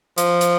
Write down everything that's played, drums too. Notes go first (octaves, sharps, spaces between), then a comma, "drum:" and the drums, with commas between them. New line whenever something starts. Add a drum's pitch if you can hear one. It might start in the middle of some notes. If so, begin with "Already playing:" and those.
F3, drum: hi-hat
drum: hi-hat